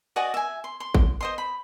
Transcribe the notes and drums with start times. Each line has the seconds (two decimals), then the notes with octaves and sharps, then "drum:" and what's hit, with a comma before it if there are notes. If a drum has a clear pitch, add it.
0.16 F#4 D5 D#5 G#5
0.34 E5 G#5
0.64 C6
0.80 C6
0.95 drum: kick
1.21 C5 D#5 C6
1.38 B5